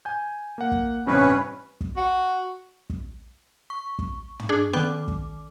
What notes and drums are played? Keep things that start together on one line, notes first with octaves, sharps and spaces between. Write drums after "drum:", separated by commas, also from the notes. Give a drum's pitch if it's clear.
G#5 G6
A#3 F#5
drum: kick
A1 G2 C3 C#4 B4
drum: kick
F#4
drum: kick
C#6
drum: kick
drum: tom
D4 G#4
D#3 B3 G5 D6 F#6
drum: kick